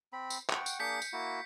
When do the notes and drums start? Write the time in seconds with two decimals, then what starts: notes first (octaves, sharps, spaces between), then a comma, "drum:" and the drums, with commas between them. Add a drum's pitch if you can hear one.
0.13 C4 B5
0.30 drum: tambourine
0.49 F#5 G5 C#6, drum: clap
0.66 drum: tambourine
0.80 A#3 D4 G#4 G6 B6 C#7
1.02 drum: tambourine
1.13 A#3 E4 F#4